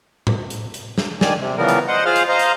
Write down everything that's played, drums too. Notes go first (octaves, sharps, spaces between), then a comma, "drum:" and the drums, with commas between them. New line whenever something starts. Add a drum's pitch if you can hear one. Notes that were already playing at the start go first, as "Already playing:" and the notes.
drum: tom A2
drum: hi-hat
drum: hi-hat
drum: snare
D#3 D5 G#5, drum: snare
C3
C#3 E3 F3 G3 B3 A#4
drum: hi-hat
C5 D#5 F#5
F4 G#4 C5 F5 F6
drum: hi-hat
C5 D#5 F5 A#5
drum: hi-hat